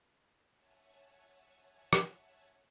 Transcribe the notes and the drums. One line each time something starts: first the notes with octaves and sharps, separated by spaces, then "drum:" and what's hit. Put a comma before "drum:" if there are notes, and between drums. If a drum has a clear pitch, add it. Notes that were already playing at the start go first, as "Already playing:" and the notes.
C#5 E5 F#5 G#5 A5
drum: rim click